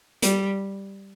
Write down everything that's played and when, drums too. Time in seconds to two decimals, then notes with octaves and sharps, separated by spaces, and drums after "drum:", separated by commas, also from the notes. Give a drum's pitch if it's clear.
0.22 G3, drum: hi-hat